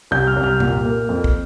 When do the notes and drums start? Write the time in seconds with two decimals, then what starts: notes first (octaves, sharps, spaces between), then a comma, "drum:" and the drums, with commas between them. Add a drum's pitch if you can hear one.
0.11 C2 G6
0.27 F6
0.36 C2
0.43 F6
0.60 A#2, drum: tom F#2
0.85 A#3
1.09 F2
1.24 drum: kick